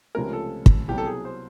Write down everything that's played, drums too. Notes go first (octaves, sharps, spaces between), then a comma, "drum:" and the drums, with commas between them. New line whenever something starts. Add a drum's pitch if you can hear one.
C#2 C3 F3 A3 C#4 A#4
A4
drum: kick
C2 B2 F#3 G4
A4
G#4
C5